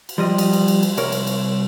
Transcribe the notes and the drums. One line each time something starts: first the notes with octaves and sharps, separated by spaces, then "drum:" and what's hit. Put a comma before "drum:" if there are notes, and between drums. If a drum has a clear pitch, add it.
drum: cymbal
F3 G3 D#5
drum: cymbal
drum: cymbal
drum: cymbal
drum: cymbal
C2 A#4 C#5, drum: cymbal
drum: cymbal
drum: cymbal